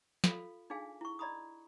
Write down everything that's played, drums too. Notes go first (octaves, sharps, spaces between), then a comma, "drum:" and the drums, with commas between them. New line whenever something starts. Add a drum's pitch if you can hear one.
F4 A4 F5, drum: snare
D4 D#4 G#4 F5 G#5
E4 C#6
D5 D#5 A#5 B5 D#6